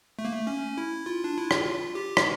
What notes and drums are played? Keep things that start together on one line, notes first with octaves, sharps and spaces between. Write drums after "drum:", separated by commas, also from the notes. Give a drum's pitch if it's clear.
A3
A#3
A3
C#4
E4
F4
D4
E4
F4, drum: rim click
G4
drum: rim click